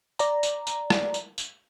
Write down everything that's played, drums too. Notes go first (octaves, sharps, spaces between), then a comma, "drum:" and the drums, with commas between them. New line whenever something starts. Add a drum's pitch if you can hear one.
D5 A#5, drum: tambourine
drum: tambourine
drum: tambourine
drum: rim click
drum: tambourine
drum: tambourine